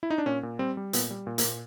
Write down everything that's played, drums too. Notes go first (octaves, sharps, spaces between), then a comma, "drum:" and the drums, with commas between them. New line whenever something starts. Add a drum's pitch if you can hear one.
E4
D#4
D4
A#2 C#4
A#2
G3 C4
G3
A#2 B3, drum: hi-hat
G3
A#2
A#3, drum: hi-hat
A#2